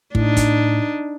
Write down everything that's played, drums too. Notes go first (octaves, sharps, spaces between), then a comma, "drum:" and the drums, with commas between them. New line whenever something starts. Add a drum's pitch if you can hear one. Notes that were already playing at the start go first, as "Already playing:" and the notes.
A2 D4 D#4, drum: kick
drum: kick, hi-hat